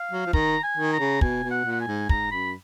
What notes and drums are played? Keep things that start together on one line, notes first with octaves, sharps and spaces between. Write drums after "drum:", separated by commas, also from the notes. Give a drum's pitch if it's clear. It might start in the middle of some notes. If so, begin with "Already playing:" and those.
Already playing: F5
F#3
F3
D#3 A#5, drum: kick
G#5
D#3
A#5
C#3
B2 G#5, drum: kick
B2
F#5
A#2
F#5
G#5
G#2
G#2 A#5, drum: kick
F#2 B5